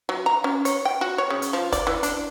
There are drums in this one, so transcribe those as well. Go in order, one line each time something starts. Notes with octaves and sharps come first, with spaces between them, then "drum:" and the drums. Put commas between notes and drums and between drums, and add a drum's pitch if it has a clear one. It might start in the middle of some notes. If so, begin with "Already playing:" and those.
F#3
A#5
C#4
C#5, drum: hi-hat
G5
F#4
C#5
C#3
drum: hi-hat
F3
D5, drum: kick, hi-hat
E3
D4, drum: hi-hat